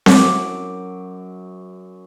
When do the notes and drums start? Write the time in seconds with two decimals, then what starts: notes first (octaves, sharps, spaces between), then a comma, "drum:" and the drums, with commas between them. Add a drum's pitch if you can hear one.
0.06 F#2 D6, drum: snare C4